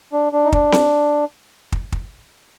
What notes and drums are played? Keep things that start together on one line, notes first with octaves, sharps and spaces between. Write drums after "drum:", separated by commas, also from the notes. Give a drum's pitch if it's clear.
D4
D4
D#4
D4, drum: kick
drum: snare C4
drum: kick
drum: kick